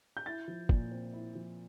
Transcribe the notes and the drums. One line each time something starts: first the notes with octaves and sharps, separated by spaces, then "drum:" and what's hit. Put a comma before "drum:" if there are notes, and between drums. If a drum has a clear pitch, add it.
G6
E4 A6
F3
A#2, drum: kick
C4
E4
F3